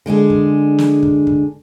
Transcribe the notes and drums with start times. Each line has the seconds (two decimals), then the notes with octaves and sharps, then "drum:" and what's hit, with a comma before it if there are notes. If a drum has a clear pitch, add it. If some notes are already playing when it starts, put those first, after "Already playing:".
0.06 D3 G#3 D4 G#4
0.30 drum: kick
0.78 drum: snare
1.03 drum: kick
1.27 drum: kick